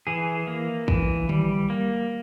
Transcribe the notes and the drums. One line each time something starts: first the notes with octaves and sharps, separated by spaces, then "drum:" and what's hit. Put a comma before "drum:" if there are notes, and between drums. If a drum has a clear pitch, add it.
E3 G#4
A#3
E3, drum: kick
G3, drum: tom D3
A#3